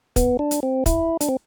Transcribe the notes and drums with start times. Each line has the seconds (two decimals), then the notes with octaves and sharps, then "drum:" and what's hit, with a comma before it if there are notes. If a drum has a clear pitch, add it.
0.16 B3, drum: kick, hi-hat
0.39 D4
0.51 drum: hi-hat
0.63 C4
0.86 E4, drum: kick, hi-hat
1.21 D4, drum: hi-hat
1.28 C4